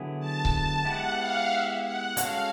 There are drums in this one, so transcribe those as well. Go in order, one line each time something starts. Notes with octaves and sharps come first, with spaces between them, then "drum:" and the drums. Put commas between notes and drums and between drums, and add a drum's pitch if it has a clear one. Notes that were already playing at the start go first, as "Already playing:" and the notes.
Already playing: D3 F#3 B3 E4 G#4
A5
drum: kick C#1
G#3 B3 E4 G4 F#5
F5
E5
F#5
G#3 C#4 F#4 A4 F5, drum: hi-hat